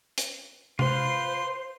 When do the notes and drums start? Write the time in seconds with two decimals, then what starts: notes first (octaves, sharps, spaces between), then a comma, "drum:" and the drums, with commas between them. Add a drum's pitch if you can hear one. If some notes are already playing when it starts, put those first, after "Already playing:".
0.18 drum: hi-hat
0.79 F4 B4 C5 C6, drum: tom C3